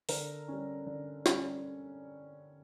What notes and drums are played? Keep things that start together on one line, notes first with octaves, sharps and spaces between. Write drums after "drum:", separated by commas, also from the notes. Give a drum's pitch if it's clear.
D3 A#4, drum: open hi-hat
G3 C#4
D3
G3 C#4, drum: snare